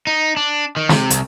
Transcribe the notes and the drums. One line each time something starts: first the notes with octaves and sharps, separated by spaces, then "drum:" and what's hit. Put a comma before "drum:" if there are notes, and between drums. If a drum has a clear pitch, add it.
D#4
D4
D#3
C3, drum: snare
C2, drum: hi-hat